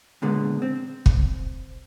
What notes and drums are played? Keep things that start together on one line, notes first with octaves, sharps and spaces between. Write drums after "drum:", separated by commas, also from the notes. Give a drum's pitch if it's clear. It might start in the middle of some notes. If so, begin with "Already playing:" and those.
A#2 D3 G#3 B3
C4
drum: kick